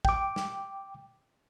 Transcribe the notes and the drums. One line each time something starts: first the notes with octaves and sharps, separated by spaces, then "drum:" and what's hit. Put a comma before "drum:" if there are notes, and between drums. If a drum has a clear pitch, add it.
G5 D6, drum: kick
drum: snare